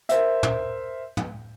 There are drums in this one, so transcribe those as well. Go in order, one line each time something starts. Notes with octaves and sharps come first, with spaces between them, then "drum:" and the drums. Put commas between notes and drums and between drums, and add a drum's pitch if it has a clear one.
A#4 C5 E5, drum: hi-hat
drum: tom
drum: tom